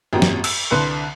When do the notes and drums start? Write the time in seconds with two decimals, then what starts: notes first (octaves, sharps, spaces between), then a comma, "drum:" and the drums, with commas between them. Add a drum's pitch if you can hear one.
0.13 G#1 F#2 A#2 C4 G4
0.22 drum: snare
0.44 E6, drum: cymbal
0.70 C2 D3 B4 C6 F#6 C#7